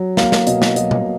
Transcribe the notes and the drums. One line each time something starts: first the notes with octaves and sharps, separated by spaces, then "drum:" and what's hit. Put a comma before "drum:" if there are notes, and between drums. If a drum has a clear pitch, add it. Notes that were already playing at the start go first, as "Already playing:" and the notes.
Already playing: F#3
A#3 F5, drum: snare
drum: snare
B2 D#5, drum: hi-hat
drum: snare
F#3 D#5, drum: hi-hat
drum: tom B2